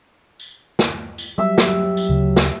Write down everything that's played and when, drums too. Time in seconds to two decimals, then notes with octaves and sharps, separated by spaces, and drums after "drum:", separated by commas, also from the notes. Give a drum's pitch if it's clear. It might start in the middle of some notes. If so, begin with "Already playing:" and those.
0.40 drum: tambourine
0.79 drum: snare
1.18 drum: tambourine
1.38 F#3 G3 G4 E5 E6
1.58 drum: snare
1.97 drum: tambourine
2.09 D2 C#3
2.36 drum: snare